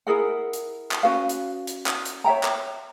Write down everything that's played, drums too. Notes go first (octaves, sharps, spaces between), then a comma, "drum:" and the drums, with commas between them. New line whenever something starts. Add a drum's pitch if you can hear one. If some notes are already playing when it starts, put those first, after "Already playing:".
E4 G#4 A#4 F#5
drum: hi-hat
drum: clap
C#4 F#4 B4 F5
drum: hi-hat
drum: hi-hat
drum: clap
drum: hi-hat
C#5 E5 G5 A#5
drum: clap